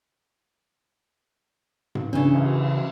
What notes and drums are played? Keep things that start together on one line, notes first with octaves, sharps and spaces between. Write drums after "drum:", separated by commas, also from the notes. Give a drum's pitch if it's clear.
drum: tom G#2
C#3 E3 C#4 D4
drum: cymbal